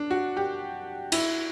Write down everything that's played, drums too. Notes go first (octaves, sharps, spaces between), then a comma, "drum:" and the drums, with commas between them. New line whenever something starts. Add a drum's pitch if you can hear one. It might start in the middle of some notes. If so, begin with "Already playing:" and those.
Already playing: D4
F#4
G4
E4, drum: cymbal